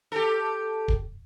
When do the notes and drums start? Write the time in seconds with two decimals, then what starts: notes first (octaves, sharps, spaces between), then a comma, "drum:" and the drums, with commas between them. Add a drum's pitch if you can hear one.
0.12 G4 A4
0.88 drum: kick D1